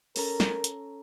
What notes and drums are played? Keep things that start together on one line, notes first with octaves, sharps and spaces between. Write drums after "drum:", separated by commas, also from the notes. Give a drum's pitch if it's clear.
C#4 A4 A#4 A#5, drum: open hi-hat
drum: snare
drum: hi-hat